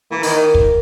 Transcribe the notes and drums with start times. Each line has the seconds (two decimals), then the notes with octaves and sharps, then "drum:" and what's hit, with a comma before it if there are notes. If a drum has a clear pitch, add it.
0.11 E3 A#3
0.23 D#3, drum: open hi-hat
0.54 drum: kick